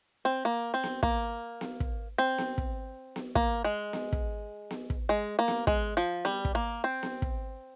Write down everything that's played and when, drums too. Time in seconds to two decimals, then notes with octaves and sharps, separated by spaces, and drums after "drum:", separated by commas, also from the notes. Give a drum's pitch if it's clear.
0.25 C4
0.45 A#3
0.74 C4
0.84 drum: snare B3
1.03 A#3, drum: kick
1.61 drum: snare B3
1.80 drum: kick
2.18 C4
2.38 drum: snare B3
2.58 drum: kick
3.16 drum: snare B3
3.35 A#3, drum: kick
3.64 G#3
3.93 drum: snare B3
4.13 drum: kick
4.71 drum: snare B3
4.90 drum: kick
5.09 G#3
5.39 A#3
5.48 drum: snare B3
5.67 G#3, drum: kick
5.97 F3
6.25 G3, drum: snare B3
6.45 drum: kick
6.55 A#3
6.84 C4
7.03 drum: snare B3
7.22 drum: kick